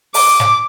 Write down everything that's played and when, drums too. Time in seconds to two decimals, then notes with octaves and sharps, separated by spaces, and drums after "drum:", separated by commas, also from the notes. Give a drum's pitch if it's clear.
0.14 D6, drum: open hi-hat
0.40 drum: snare